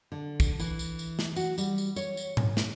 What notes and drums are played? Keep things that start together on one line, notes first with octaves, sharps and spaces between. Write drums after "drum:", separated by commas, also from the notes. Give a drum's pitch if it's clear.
D3
drum: kick, tambourine
E3, drum: tambourine
drum: tambourine
drum: tambourine
drum: snare
F#4, drum: tambourine
G3, drum: tambourine
drum: tambourine
C#5, drum: tambourine
drum: tambourine
drum: tom G#2
drum: snare